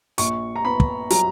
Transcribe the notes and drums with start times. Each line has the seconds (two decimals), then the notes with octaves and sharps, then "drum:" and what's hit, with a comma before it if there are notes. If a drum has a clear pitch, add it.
0.18 A#1 C#6, drum: hi-hat
0.56 A#5
0.65 B3 B5
0.80 drum: kick
1.10 F#3 A#5, drum: hi-hat